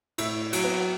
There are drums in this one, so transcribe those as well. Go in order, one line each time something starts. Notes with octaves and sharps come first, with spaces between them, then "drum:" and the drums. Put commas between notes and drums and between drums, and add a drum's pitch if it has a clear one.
A2 E4, drum: cymbal
F#3, drum: cymbal
B3